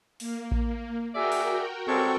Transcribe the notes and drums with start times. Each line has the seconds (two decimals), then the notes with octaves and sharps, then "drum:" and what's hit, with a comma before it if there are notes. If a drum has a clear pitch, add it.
0.20 A#3, drum: open hi-hat
0.51 drum: kick A1
1.14 F#4 G#4 A#4 D5 E5 G5
1.32 drum: open hi-hat
1.88 C#3 G3 G#3 C4 A4 C#6